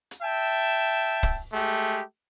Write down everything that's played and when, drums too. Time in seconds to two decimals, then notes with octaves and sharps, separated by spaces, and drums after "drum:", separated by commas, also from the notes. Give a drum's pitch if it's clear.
0.11 drum: hi-hat
0.22 E5 G5 A5
1.23 drum: kick
1.53 G#3 A3 G4